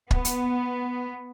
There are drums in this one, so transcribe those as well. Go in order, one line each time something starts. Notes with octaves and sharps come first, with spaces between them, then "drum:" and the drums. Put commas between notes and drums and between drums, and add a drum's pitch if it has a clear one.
B3, drum: kick
drum: hi-hat